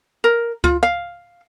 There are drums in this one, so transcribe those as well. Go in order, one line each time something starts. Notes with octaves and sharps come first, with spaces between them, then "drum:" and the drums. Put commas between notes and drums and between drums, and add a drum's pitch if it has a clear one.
A#4
F4, drum: kick C#2
F5